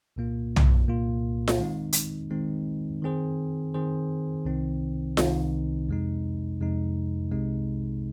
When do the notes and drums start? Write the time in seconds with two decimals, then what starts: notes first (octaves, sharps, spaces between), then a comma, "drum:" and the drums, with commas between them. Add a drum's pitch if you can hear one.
0.16 C2 A#2 A#3 F4
0.56 drum: tom
0.88 C2 A#2 A#3 F4
1.48 drum: snare F4
1.59 D#3 G#3 C4 D#4
1.93 drum: hi-hat
2.31 D#3 G#3 C4 D#4
3.02 D#3 C4 G#4 C5
3.74 D#3 C4 G#4 C5
4.45 C2 C3 D#3 C4 D#4
5.17 C2 C3 D#3 C4 D#4, drum: snare F4
5.89 F2 C3 G#3 D#4
6.61 F2 C3 G#3 D#4
7.31 C2 C3 G#3 D#4